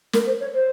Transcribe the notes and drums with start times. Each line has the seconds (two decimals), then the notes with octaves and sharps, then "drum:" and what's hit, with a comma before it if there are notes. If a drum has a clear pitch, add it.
0.13 A#4, drum: snare
0.26 C5
0.40 C#5
0.53 C5